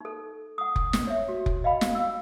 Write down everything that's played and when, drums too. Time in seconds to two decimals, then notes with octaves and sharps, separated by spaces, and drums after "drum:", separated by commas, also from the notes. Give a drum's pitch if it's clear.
0.01 D#4 A4
0.58 F#5 D#6
0.76 drum: kick F1
0.93 drum: snare
1.07 C#5 E5
1.28 F#4
1.46 drum: kick F1
1.64 D#5 F5 G5 B5
1.81 drum: snare
1.95 F5 E6